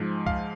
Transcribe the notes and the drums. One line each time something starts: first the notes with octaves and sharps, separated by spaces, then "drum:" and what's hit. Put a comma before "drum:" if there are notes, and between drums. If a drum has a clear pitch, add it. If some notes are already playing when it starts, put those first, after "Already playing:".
Already playing: G#2 F3 G#3
F5, drum: kick B1